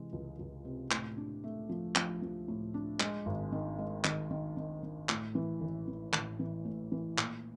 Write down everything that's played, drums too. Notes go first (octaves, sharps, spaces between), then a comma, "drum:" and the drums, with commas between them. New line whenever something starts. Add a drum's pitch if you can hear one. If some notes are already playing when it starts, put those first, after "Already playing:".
Already playing: C3 E3 G#3
C#2
C#2
C3
A2, drum: clap
D4
A3
F3
F3, drum: clap
F3
A2
D4
G#3, drum: clap
G#1
D#3
G#3
D#3, drum: clap
D#3
D#3
D#3
A2, drum: clap
E3
A1
E3
A1, drum: clap
E3
A2
E3
A#2, drum: clap